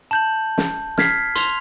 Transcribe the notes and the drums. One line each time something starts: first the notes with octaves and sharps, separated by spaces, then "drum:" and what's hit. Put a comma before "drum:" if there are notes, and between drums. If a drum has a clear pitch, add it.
A5 G6 F#7
drum: snare
F6 G#6 B6 C7, drum: snare
C6 F7, drum: hi-hat